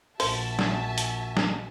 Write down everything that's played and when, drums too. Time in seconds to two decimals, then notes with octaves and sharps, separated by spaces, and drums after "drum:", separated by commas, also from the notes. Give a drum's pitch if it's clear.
0.20 A#1 F#4 C5 E5 G#5 A5, drum: open hi-hat
0.59 drum: snare
0.98 drum: hi-hat
1.37 drum: snare